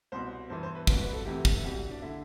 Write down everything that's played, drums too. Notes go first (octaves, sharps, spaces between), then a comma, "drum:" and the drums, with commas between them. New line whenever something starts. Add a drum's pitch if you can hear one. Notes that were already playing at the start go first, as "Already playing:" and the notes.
C2 B2 C5
G2 E3 C5
C5
B4
C2 B2 B4, drum: kick
B4
A4
D2 C3 E3 G4
drum: kick
C2 B2 G4
D4
D3 E4